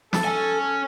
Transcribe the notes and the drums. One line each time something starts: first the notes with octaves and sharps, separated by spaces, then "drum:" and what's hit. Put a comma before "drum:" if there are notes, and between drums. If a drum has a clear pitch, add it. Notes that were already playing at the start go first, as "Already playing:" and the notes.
A4, drum: snare
C#4 G#5